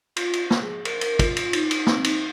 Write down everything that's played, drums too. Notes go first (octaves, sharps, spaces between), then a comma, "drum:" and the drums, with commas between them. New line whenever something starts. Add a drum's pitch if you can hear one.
F4, drum: cymbal
drum: cymbal
drum: snare
G#4
A#4, drum: cymbal
A#4, drum: cymbal
F4, drum: kick, cymbal
F4, drum: cymbal
D#4, drum: cymbal
D#4, drum: cymbal
C4, drum: snare
D#4, drum: cymbal